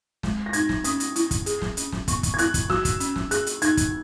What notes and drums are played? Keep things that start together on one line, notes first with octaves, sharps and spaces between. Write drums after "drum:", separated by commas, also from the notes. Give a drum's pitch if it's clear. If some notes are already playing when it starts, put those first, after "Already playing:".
G#3, drum: snare
A#6
D#4 G#6, drum: hi-hat
drum: snare
C#4 D#6, drum: hi-hat
drum: hi-hat
E4, drum: hi-hat
drum: kick, hi-hat
G#4, drum: hi-hat
drum: snare
C#4, drum: hi-hat
drum: snare
B3 C#6, drum: kick, hi-hat
drum: kick, hi-hat
G#6
E4 F#6, drum: hi-hat
drum: kick, hi-hat
F#4 E6, drum: snare
drum: kick, hi-hat
C#4, drum: hi-hat
drum: snare
G#4 F#6, drum: hi-hat
drum: hi-hat
D#4 G#6, drum: hi-hat
drum: kick, hi-hat